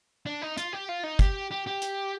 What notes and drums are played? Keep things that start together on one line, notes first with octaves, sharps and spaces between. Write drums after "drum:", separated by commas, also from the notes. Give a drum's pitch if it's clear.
D4
D#4
F4, drum: hi-hat
G4
F4
D#4
G4, drum: kick, hi-hat
G4
G4
drum: hi-hat